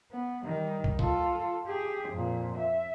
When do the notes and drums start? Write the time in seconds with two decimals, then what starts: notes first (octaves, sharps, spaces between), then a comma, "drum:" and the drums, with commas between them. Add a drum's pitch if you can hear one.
0.12 B3
0.45 D#3 G3
0.84 drum: kick
0.99 F4 A4, drum: kick
1.67 G4 G#4
2.09 F2 A#2
2.58 E5